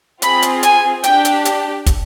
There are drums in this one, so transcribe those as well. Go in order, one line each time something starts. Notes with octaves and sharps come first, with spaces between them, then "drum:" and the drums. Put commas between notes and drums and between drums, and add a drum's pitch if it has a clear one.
C4 F4 G#4 B5, drum: hi-hat
drum: hi-hat
G#5, drum: hi-hat
D4 G4 G5, drum: hi-hat
drum: hi-hat
drum: hi-hat
drum: kick, hi-hat